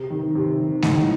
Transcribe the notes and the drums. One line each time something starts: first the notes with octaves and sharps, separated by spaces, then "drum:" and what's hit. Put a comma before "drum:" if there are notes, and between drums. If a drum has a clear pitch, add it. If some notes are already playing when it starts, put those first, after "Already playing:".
Already playing: C3
D#3
C3
D#3
A2 D#4, drum: snare G#3